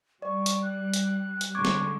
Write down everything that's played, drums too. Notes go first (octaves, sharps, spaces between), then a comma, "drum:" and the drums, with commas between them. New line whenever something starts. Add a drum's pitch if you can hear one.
G3 D5 C#6
drum: hi-hat
F#6
drum: hi-hat
drum: hi-hat
D3 G3 G#3 C#6 D6 G#6
drum: snare